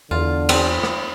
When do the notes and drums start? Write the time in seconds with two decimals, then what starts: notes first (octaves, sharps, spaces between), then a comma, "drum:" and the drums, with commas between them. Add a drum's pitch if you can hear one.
0.11 E2 D3 F4
0.49 C4 B4, drum: cymbal
0.83 drum: rim click